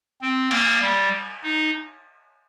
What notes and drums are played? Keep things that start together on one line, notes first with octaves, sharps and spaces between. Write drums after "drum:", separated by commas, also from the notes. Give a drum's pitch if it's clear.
C4
A#3, drum: cymbal
G3
D#4